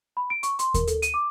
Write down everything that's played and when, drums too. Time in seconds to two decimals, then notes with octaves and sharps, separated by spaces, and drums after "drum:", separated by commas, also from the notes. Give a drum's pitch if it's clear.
0.17 B5
0.30 D7
0.43 C#6, drum: hi-hat
0.59 C6, drum: hi-hat
0.74 A#4, drum: kick D#2, hi-hat
0.87 A4, drum: hi-hat
1.02 D#7, drum: hi-hat
1.14 D6